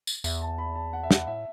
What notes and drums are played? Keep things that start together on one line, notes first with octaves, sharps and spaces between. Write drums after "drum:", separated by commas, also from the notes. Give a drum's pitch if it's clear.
drum: tambourine
E2 E5, drum: tambourine
A5
B5
A5
F#5
E5
F#5, drum: snare
A2 E5